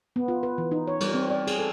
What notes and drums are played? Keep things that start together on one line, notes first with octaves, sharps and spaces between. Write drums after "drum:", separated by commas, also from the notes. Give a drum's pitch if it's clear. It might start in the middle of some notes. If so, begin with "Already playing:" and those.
B3
F4
B4
E3
D#4
C#5
G3, drum: cymbal
C4
D5
G#4, drum: cymbal
A4